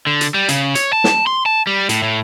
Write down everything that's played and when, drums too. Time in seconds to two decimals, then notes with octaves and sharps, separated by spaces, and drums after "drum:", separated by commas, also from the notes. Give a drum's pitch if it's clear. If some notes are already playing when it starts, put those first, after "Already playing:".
0.07 D3
0.21 drum: hi-hat
0.34 G3
0.49 C#3, drum: hi-hat
0.75 C#5, drum: hi-hat
0.93 A5
1.04 drum: snare
1.27 C6
1.46 A5
1.67 G3
1.89 A2, drum: hi-hat
2.03 A2